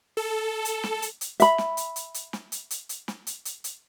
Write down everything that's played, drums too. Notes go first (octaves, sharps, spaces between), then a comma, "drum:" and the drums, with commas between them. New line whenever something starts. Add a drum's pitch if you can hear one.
A4
drum: hi-hat
drum: snare
drum: hi-hat
drum: hi-hat
E5 B5, drum: hi-hat
drum: snare
drum: hi-hat
drum: hi-hat
drum: hi-hat
drum: snare
drum: hi-hat
drum: hi-hat
drum: hi-hat
drum: snare
drum: hi-hat
drum: hi-hat
drum: hi-hat